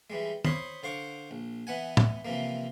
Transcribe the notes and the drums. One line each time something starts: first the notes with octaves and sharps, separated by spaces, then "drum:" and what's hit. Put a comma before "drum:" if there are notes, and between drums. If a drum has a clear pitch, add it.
E3 G3 G#3
C5 C#5 B5 C6 D#6, drum: tom
D3 C5 F5 C#6 D6
A#1
E3 B3 F#5 G#5
drum: tom
C3 E3 F3 A#3